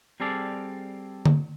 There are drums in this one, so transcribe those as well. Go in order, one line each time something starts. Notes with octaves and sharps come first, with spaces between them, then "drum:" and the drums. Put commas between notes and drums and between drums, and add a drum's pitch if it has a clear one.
G3 C4 G#4 A4 D5 F5
drum: tom D3